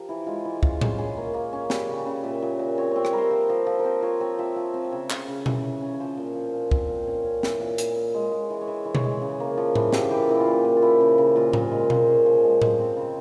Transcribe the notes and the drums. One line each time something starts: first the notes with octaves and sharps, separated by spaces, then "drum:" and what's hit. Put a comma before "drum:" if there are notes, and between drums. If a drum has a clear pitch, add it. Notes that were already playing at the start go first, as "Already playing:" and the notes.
Already playing: F3 G4 A#4
E3 E4
G#3 F4
E3 E4
C#4 F4, drum: kick
C#4 G#4, drum: tom A2
C#4 G#4
A#3
A#3
C#4
G3, drum: snare
C#3
C#3
A#2 E5
A#2
A#2
C4 C#5
C4 C#5
E5, drum: rim click
G3 A#4
C5
F3
F3
F3
A#4
C4 C5
F3 C#5
C4 C#5
F3 E5
F3
C4
E5
C#3 C#5
C#3, drum: clap
C#3
E3, drum: tom B2
C#4
C#4
C#5
F3 C5
A#2
F3
A#2
C4, drum: kick
A#2
C5
C#4 C#5
C#4
E3, drum: snare
A#2
A#2, drum: hi-hat
A#2
G#3
G#3
E3
C#5
E3 E5
E3
C#5, drum: tom B2
G#3
C#3
A#3
F3
E3, drum: tom A2
A#3 G4, drum: snare
E3 G4
F4
A#2 E4
F4
A#2
A#2
F4
F3 E4
C#3
C#3
A#2 F4
A#2, drum: tom A2
G#3
A#3 C5, drum: tom B2
C#4
F3
G#3
G#3, drum: tom A2
C4
C#3